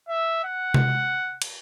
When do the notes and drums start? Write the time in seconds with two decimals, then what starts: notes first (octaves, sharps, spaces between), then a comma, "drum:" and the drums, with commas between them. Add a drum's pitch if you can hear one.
0.09 E5
0.44 F#5
0.74 drum: tom C3
1.42 drum: cymbal